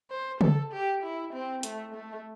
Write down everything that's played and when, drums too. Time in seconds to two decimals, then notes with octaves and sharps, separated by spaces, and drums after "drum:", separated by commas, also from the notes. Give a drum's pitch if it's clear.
0.11 C5
0.41 A4, drum: tom C#3
0.73 G4
1.03 E4
1.34 C4
1.63 A3, drum: hi-hat
1.94 A3